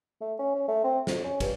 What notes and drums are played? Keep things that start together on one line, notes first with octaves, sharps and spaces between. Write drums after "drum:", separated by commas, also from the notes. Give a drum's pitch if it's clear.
A3
C#4
C#4
A3
C4
F2, drum: snare
C#4
G2, drum: kick, cymbal